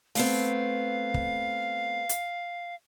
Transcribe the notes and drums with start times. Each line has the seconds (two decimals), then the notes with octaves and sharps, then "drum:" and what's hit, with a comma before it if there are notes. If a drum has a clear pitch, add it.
0.15 A3 B3 C4 F5, drum: open hi-hat
1.14 drum: kick
2.09 drum: hi-hat